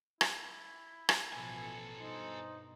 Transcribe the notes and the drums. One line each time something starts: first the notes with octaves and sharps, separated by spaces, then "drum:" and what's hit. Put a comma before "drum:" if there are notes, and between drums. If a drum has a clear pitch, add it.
E4, drum: rim click
drum: rim click
A1 B2 F3 A4 G#5
G2 B2 D#4 C5